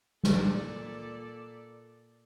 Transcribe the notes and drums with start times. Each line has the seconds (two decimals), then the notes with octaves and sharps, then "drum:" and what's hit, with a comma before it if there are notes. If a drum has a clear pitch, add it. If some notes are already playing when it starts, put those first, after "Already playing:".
0.24 A#2 A4 D5, drum: snare